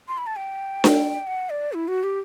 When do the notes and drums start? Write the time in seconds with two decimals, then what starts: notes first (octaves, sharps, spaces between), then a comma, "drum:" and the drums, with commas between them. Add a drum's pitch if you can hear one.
0.08 C6
0.18 B5
0.27 A5
0.36 G5
0.84 drum: snare D4
1.27 F#5
1.50 D5
1.73 E4
1.88 F#4
2.03 G4